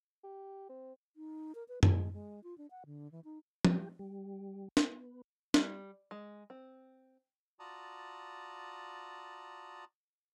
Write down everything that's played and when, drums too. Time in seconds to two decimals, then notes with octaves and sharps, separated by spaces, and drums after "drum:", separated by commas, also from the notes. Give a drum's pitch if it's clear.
0.24 G4
0.69 C4
1.16 D#4
1.55 A#4
1.68 B4
1.83 G#3, drum: tom F#2
2.13 G#3
2.44 F4
2.58 D4
2.71 F#5
2.86 D3
3.12 E3
3.24 D#4
3.65 G4, drum: tom
3.99 G3
4.77 B3, drum: snare
5.54 G3, drum: snare
6.11 G#3
6.50 C4
7.59 F4 F#4 D5 A5 A#5 D#6